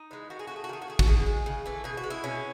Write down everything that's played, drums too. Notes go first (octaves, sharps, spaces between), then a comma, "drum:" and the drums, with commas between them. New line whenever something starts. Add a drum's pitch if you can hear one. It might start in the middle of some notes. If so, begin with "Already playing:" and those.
Already playing: D#4
E3 G#3
D#3 F#4
G#4
A3 F#4
G#4
F#4
D#3 G#4
F#4
A3 G#4
F#4, drum: kick
B2 G#4
G#3
C#3
E3 A3
B2 G#4
F#4
G#3
E4
B2 C#4